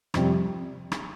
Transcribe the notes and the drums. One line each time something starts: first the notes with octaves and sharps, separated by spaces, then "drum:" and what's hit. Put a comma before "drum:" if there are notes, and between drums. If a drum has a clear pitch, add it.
F2 C3 G3, drum: rim click
drum: rim click